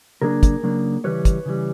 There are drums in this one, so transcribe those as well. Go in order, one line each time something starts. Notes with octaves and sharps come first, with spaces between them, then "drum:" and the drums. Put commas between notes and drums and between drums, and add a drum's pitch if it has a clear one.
C#3 F#3 A#3 D4 G#4 A#4
drum: kick, hi-hat
C#3 F#3 A#3 D4
C#3 E3 G3 B4 C#5
drum: kick, hi-hat
C#3 E3 G3